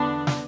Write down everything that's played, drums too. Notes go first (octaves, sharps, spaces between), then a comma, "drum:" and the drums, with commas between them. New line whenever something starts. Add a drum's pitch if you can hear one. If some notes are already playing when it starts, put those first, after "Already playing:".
Already playing: E2 D3 B3 D4
drum: snare